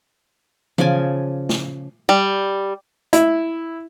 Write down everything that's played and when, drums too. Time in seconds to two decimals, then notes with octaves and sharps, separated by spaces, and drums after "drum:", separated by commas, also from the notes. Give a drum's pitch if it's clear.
0.78 C#3 F3 D5 G#5, drum: tom E3
1.49 drum: snare
2.09 G3
3.13 E4, drum: hi-hat